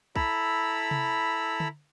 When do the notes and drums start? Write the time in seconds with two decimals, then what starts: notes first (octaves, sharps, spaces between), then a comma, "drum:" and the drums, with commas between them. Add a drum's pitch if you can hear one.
0.16 E4 A4 A#5 B5 E6, drum: kick
0.91 drum: tom C3
1.60 drum: tom D3